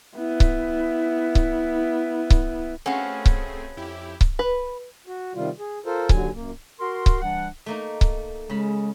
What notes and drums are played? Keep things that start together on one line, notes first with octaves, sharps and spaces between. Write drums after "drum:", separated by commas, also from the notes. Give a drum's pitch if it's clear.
B3 E4
drum: kick C#1
drum: kick C#1
drum: kick C#1
A3 C4 C#4 F#4 G#4 B4 F5
drum: kick C#1
F2 E4 G4
drum: kick C#1
B4
F#4
C3 D#3 G3 F4
G#4
F4 A4 A#4 C5
D#2 D3 F#3 G#5, drum: kick C#1
F#2 A#3
F#4 A#4 C6
drum: kick C#1
E3 G3 D4 F#5
A3 A#3 D#4
drum: kick C#1
C#3 G#3 B5